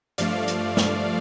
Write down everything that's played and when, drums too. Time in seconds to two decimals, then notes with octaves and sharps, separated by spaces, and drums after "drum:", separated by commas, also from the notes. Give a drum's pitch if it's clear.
0.18 G2 F3 A3 D5 F5, drum: hi-hat
0.48 drum: hi-hat
0.77 drum: snare